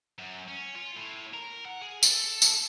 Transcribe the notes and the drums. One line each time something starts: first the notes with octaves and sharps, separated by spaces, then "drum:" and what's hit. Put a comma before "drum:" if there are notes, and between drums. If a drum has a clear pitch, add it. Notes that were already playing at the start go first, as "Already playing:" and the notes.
F#2
C#4
F4
A2
A#4
F#5
G#4
A4, drum: tambourine
drum: tambourine